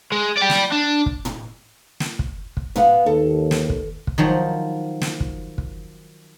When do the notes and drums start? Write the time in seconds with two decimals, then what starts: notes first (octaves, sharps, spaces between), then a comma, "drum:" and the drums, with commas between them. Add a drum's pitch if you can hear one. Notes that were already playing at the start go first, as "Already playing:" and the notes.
0.12 G#3
0.38 D5 G5
0.50 drum: snare
0.72 D4
1.06 drum: kick
1.25 drum: tom
2.00 drum: snare
2.19 drum: kick
2.57 drum: kick
2.76 B3 F5 F#5, drum: tom
3.06 D#2 A4
3.51 drum: snare
3.70 drum: kick
4.07 drum: kick
4.18 D#3 F3 F#3
5.01 drum: snare
5.20 drum: kick
5.58 drum: kick